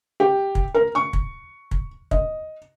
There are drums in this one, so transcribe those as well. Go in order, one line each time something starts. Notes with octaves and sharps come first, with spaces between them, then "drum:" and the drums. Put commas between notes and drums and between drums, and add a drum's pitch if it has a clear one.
G4
drum: kick
A#4
C#6
drum: kick
drum: kick
D#5, drum: kick